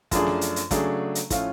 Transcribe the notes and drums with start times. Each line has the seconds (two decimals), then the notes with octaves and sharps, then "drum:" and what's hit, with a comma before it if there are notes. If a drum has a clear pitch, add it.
0.11 F#2 F3 A3 D4 G#4, drum: kick, hi-hat
0.27 drum: snare
0.41 drum: hi-hat
0.56 drum: hi-hat
0.71 C#3 F#3 A3 D4 G#4, drum: kick, hi-hat
1.15 drum: hi-hat
1.30 A2 F3 A3 C#4 F4, drum: kick, hi-hat